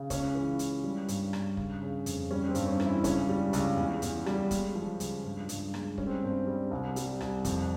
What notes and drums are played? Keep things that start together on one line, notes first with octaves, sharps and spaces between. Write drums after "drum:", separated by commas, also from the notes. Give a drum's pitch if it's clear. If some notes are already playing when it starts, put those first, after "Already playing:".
Already playing: C#3
C#2 C#4, drum: kick, hi-hat
E3
C#2, drum: hi-hat
G3
G2, drum: hi-hat
G2, drum: rim click
C#3, drum: kick
C#3
F2, drum: hi-hat
G3 C#4
C4
G2, drum: hi-hat
C#4
E3, drum: rim click
E4
C#2 C#4, drum: kick, hi-hat
G3
C#2, drum: hi-hat
E2
E2, drum: hi-hat
G3, drum: rim click
G#3, drum: kick, hi-hat
F3
C#2, drum: hi-hat
G2
G2, drum: hi-hat
G#3, drum: rim click
G3 C#4, drum: kick
C4
G2 C4
G3
C2
G3, drum: hi-hat
C2, drum: rim click
F2, drum: kick, hi-hat